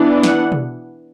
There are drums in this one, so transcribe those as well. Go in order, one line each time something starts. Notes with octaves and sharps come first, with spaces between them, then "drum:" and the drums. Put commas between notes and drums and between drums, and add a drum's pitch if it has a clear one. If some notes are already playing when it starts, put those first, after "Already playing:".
Already playing: E3 B3 D4
F#5, drum: snare
drum: tom B2